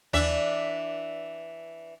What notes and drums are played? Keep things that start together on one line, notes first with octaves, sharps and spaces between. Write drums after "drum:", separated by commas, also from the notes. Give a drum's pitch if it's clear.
E3 D4 E5, drum: tom D#2